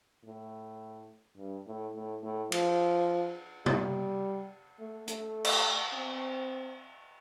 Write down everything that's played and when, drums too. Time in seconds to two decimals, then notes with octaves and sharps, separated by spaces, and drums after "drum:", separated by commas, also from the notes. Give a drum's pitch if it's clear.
0.25 A2
1.38 G2
1.67 A2
1.95 A2
2.23 A2
2.52 F3, drum: cymbal
3.66 G3, drum: tom
4.80 A3
5.08 A3, drum: hi-hat
5.45 drum: cymbal
5.93 C4